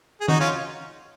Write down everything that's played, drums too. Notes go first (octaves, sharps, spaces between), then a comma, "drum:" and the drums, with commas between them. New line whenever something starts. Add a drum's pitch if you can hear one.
G#4
D#4 F#4, drum: tom
C#4 F4